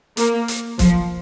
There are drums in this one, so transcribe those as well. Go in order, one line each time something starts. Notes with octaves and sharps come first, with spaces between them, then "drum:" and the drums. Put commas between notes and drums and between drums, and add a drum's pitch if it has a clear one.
A#3, drum: hi-hat
drum: hi-hat
F3, drum: kick, hi-hat